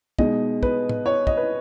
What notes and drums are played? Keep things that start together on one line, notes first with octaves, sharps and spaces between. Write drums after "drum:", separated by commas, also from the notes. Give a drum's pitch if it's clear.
B2 G#3 D#4 D#5, drum: kick
B4, drum: kick
drum: tom A2
C#5
D#5, drum: kick
B4